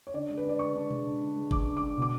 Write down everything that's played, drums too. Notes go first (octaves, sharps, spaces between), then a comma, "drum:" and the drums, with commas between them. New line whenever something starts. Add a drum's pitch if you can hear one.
C#5
D3 D5
G#3
B4
D4 D5
G#3 C#6
D4
G#3, drum: tom B2
D3
D3
G#3
G#3 D6, drum: kick G1
D3
D6
D4
B2 D6